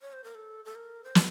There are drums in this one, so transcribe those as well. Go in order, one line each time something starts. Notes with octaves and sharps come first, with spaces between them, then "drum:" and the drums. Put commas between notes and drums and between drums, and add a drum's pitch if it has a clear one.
C#5
C5
A#4
A4
A4
A#4
C5
drum: snare